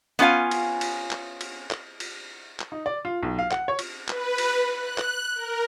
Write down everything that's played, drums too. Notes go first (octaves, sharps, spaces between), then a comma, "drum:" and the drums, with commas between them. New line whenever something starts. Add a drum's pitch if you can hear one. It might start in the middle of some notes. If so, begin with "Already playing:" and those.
B3 C#4 F4 F5 G#5
drum: cymbal
drum: cymbal
drum: clap
drum: cymbal
drum: clap
drum: cymbal
drum: clap
D#4
D5
F4
B1
F5
F#5, drum: clap
C#5
drum: cymbal
B4, drum: clap
drum: cymbal
F#6
drum: clap
A#4